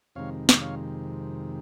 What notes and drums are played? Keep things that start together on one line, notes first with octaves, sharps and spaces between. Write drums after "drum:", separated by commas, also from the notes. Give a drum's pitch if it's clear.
F2 C3 D#3 G#3 C#5 F5
drum: snare
C#5 F5